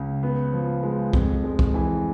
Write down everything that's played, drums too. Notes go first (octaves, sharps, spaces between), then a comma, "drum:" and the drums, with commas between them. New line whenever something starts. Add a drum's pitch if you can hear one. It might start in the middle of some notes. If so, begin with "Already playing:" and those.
Already playing: C#2
B3
F3
G#3
F2, drum: kick C2
G#3
drum: kick C2
E3